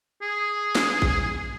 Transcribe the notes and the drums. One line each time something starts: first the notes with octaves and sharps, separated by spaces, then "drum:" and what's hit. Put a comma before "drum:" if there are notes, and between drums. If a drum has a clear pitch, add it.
G#4
drum: snare
drum: kick A1